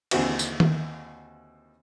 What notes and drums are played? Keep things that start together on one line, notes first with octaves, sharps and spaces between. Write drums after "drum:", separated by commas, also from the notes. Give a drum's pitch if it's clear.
D#2 D3 E3 C4 F#4 E5, drum: cymbal
drum: tambourine
drum: tom D#3